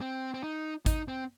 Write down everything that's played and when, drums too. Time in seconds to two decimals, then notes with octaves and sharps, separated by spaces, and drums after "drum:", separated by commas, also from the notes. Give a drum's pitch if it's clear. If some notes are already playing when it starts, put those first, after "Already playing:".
0.01 C4
0.34 C4
0.43 D#4
0.86 D#4, drum: kick, hi-hat
1.08 C4